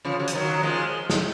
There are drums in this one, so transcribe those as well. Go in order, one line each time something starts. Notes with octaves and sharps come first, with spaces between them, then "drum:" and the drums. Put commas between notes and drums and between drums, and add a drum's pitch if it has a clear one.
C#3 F3
F#3
F3, drum: hi-hat
D#3 F#3
F#3
F3 G#3
drum: snare